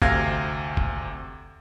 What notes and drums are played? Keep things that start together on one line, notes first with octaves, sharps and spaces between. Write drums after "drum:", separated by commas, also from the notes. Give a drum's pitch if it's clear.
D2 C3 F5 G#6 A#6, drum: kick
drum: kick